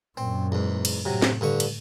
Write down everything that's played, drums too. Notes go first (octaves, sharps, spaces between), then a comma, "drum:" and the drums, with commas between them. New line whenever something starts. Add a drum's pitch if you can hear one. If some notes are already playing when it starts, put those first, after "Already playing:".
F#2 A#2 C4
E2 G#2
drum: cymbal
A2 C3 F#3
drum: snare
G2 D3 C#6
drum: cymbal